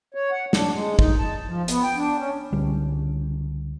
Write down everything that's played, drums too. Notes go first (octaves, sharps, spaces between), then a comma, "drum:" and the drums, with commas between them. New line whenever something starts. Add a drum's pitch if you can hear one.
C#5
F#5
D4, drum: snare
G#3
D#4, drum: kick
A5
F3
B3, drum: hi-hat
G5
D4
C#4
C#2 D3 G3 C#4